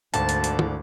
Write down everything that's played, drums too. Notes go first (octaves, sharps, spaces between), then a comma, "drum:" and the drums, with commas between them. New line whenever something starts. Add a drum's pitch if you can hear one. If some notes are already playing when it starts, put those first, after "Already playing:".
G#1 D2 D3 A5, drum: hi-hat
drum: hi-hat
drum: hi-hat
drum: tom D3